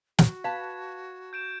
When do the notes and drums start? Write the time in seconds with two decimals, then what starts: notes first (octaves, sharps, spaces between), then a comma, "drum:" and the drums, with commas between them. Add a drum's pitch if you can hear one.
0.19 F#4, drum: snare
0.44 B4 F5 A5 G#6 E7
1.33 G6 D7 E7